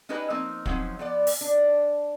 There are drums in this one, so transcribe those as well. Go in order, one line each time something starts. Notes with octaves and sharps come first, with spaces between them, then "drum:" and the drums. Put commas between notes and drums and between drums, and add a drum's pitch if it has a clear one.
C#4 D#4 G4 G#4 B4 D#5
F3 A#3 C4 D#4
F3 F#3 C4 C#4 D#4, drum: kick
F3 B3 D5
drum: open hi-hat
D4